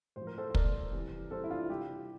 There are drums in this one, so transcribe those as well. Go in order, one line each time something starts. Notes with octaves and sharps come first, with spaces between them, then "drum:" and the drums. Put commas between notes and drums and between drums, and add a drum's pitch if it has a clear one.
A2 C5
F3
A#4
A4 C5
C5
A2 F3 A#4 D5, drum: kick
C3 E3 G3
C3 E3 G3 A4 C5
E4
D4 F4
C3 G3 E4 G4